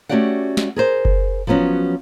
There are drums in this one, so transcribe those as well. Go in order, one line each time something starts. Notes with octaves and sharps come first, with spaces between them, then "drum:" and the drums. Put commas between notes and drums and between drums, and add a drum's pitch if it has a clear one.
A3 C#4 F#4 G4 D5 F#5
drum: snare
G#4 A#4 C5
drum: kick F#1
F3 F#3 B3 C#4 F#4